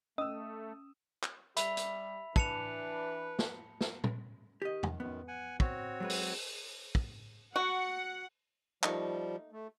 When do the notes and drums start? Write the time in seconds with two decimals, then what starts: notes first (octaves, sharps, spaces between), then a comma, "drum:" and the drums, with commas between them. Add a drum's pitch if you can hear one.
0.18 A3 C#4 D#5 D#6 E6
1.23 drum: clap
1.57 G3 E5 B5 F7, drum: hi-hat
1.77 drum: hi-hat
2.36 E3 D4 B4 A5 C#7 F7, drum: kick
3.39 drum: snare
3.81 drum: snare
4.04 drum: tom A#2
4.62 D#3 G4 D#5
4.83 drum: tom
5.00 F#2 D#3 B3
5.28 F#5 G#5
5.60 C4 F#4 C#5, drum: kick
6.00 F#3 G#3 B4
6.10 drum: open hi-hat
6.95 drum: kick
7.56 F#4 F#5
8.83 F3 G3 A3 A#3 D#4, drum: clap
9.52 A3